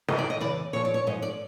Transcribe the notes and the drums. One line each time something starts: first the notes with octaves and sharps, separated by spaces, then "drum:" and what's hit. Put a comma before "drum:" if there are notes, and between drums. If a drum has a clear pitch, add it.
G#2 D#3 D#5, drum: snare
D5
D#5
E2 C#3 E3 D5
A#2 F3 C#5
D5
C#5
G#2 F3 D#5
D5